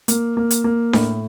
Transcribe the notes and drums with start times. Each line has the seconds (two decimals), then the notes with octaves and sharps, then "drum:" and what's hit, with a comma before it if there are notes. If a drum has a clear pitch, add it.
0.08 A#3, drum: hi-hat
0.37 A#3
0.51 drum: hi-hat
0.64 A#3
0.93 A2, drum: snare D4